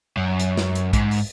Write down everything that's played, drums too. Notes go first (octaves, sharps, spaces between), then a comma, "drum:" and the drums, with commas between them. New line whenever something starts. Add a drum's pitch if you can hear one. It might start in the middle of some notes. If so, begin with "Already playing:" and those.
F#2
drum: hi-hat
drum: snare
drum: hi-hat
G#2, drum: kick A#1, hi-hat
drum: open hi-hat